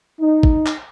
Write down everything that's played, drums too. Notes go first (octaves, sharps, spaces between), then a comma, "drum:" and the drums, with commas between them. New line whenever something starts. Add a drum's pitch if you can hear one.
D#4
drum: kick G#1
drum: clap